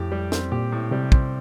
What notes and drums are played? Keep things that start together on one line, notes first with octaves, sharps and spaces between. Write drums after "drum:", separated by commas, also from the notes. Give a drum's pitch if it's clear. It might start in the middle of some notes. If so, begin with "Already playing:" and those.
Already playing: F2 A2 G4
G3
C4, drum: snare
A#2 G4
A2
C3 G3
C4, drum: kick